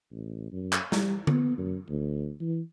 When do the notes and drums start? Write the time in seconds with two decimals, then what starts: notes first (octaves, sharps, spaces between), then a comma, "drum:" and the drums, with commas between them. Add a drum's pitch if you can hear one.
0.11 A1
0.52 F#2
0.73 drum: clap
0.92 G3, drum: snare
1.27 B3, drum: tom D3
1.58 F#2
1.89 D2
2.40 E3